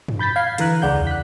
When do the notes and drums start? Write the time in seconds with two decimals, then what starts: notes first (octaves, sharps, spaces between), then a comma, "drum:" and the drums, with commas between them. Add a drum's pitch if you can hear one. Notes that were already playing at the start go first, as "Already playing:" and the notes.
0.08 drum: tom
0.19 B5 G6 A6 B6
0.36 F5 G#6 C7
0.58 D3 E3 A#5 F#6, drum: hi-hat
0.82 C#2 G#3 D5 F#5 G6
0.94 E2
1.07 F#6 B6